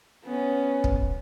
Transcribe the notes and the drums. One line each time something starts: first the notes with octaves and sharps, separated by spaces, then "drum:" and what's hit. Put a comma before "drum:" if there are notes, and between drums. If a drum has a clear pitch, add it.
B3 C#4
drum: kick